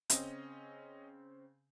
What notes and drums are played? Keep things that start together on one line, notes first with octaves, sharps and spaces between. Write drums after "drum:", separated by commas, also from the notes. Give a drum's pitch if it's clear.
C#3 C4 C#4 D#5, drum: hi-hat